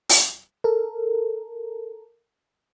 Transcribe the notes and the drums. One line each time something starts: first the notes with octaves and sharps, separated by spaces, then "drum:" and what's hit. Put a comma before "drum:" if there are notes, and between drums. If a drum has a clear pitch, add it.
drum: open hi-hat
A4 A#4